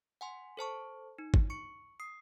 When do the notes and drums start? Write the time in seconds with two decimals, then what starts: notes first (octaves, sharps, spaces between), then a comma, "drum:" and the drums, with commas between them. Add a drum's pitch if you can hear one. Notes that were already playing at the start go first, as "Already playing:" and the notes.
0.21 F#5 G#5 C6
0.57 A4 C5 A5 C#6
1.19 D#4
1.34 drum: kick
1.50 C#6 C#7
2.00 D#6 C7